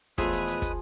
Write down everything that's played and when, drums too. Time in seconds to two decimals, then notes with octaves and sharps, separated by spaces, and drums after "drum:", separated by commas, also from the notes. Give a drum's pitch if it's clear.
0.18 E2 F3 G#3 A3 G#4 B4 E5 D#6, drum: kick, hi-hat
0.33 drum: hi-hat
0.47 drum: hi-hat
0.62 drum: kick, hi-hat